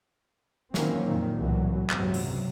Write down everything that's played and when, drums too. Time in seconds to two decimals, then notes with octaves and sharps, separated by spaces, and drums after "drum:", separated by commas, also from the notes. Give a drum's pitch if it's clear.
0.74 D#3 E3 F#3 A#3 C4 C#4, drum: snare
1.06 F2 A#2 D#3
1.37 C2 A2 E3 F#3
1.90 C#2 G2 C3 F#3 B3, drum: clap
2.14 drum: open hi-hat